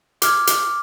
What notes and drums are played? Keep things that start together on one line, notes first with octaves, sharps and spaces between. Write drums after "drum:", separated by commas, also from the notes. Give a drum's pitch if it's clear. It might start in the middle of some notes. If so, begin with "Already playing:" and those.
D6 F6 G#6, drum: hi-hat
drum: hi-hat